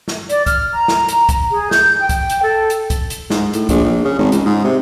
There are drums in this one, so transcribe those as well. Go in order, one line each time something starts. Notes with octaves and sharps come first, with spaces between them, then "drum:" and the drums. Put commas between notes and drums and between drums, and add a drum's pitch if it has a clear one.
drum: snare
D5, drum: hi-hat
F6, drum: kick, hi-hat
A#5
drum: snare
drum: hi-hat
drum: kick, hi-hat
G#4
G6, drum: snare
G5
drum: kick, hi-hat
drum: hi-hat
A4
drum: hi-hat
drum: kick, hi-hat
drum: hi-hat
G#2, drum: snare
A2, drum: hi-hat
A#1, drum: kick, hi-hat
A#1
C#3
G#1
C#2, drum: hi-hat
G#2
C3